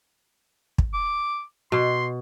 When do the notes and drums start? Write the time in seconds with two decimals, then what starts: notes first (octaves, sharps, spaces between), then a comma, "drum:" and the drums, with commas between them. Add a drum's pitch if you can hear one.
0.78 drum: kick
0.94 D6
1.72 B2 C6